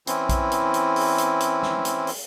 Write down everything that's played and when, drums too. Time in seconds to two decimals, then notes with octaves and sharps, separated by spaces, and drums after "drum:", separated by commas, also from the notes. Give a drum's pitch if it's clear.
0.07 E3 C4 C#4 E4, drum: hi-hat
0.29 drum: kick A#1, hi-hat
0.52 drum: hi-hat
0.74 drum: hi-hat
0.96 drum: open hi-hat
1.18 drum: hi-hat
1.40 drum: hi-hat
1.63 drum: snare
1.85 drum: hi-hat
2.07 drum: open hi-hat